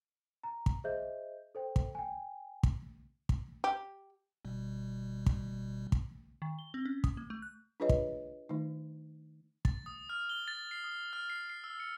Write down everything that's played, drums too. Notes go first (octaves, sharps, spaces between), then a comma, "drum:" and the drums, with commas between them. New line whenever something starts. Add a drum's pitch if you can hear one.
A#5
drum: kick
G#4 C5 D#5 E5 G6
A4 C5 G5
drum: kick
G5 G#5
drum: kick
drum: kick
G4
G1 B2 G3
drum: kick
drum: kick
D#3
G7
C4
C#4
D#6, drum: kick
A#3
A3
F#6
D4 F4 G#4 B4 C#5 D#5
drum: kick
D#3 A3 D#4
A6, drum: kick
D#6
F6
G7
A6
C7
D#6
F6
C7
C7
E6
C#7